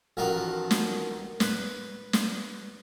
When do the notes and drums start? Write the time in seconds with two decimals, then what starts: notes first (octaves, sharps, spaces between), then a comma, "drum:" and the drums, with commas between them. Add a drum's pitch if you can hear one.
0.17 A1 D#3 F3 F4 F#4 A#4
0.71 drum: snare
1.40 B4, drum: snare
2.13 drum: snare